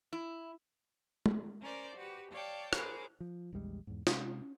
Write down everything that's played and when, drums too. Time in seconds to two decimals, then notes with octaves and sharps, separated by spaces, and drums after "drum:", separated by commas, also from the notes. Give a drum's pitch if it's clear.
0.13 E4
1.26 drum: tom
1.61 C#4 A#4 C5 D5
1.96 F#4 G4 B4
2.31 C#5 D5 F5 G5 A5
2.73 G#4 A#4 C5 C#5 B5 D6, drum: rim click
3.20 F3
3.53 A#1 E2 G3 G#3
3.87 E2 G#2
4.07 C3 G#3 C#4, drum: snare
4.41 C#4